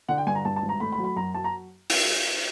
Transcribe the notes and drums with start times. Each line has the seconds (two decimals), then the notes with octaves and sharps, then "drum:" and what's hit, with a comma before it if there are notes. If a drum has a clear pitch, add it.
0.09 D3 F#5
0.18 G5
0.27 G2 G#5
0.35 A#5
0.45 G2 A5
0.56 A5
0.62 G#1
0.69 A#5
0.80 A3 B5
0.92 B5
0.98 F#3
1.04 B5
1.16 F#2 A#5
1.34 F#3 A5
1.44 A#5
1.90 drum: open hi-hat